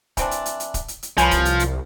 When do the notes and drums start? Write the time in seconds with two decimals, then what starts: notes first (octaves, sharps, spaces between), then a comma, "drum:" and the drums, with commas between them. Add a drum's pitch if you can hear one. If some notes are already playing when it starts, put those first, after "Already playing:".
0.17 E3 C4 D4, drum: kick D1, hi-hat
0.31 drum: hi-hat
0.46 drum: hi-hat
0.60 drum: hi-hat
0.74 drum: kick D1, hi-hat
0.88 drum: hi-hat
1.03 drum: hi-hat
1.18 C2 F3 B4 C#5 G#5, drum: hi-hat
1.31 drum: kick D1, hi-hat
1.45 drum: hi-hat
1.60 drum: hi-hat